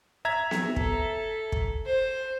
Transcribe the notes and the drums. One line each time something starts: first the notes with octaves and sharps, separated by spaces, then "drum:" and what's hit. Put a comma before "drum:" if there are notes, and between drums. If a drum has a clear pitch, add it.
E5 A#5 G#6
drum: snare B3
A4, drum: kick
drum: kick
C5